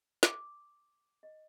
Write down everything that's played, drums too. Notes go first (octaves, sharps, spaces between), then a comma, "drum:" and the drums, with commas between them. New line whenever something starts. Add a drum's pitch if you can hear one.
D6, drum: snare
D#5